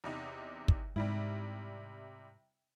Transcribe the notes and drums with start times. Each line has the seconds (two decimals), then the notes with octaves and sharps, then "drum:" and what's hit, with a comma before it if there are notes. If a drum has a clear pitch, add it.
0.04 E2 C3 D#4
0.68 drum: kick
0.96 G#2 C3 G3 E4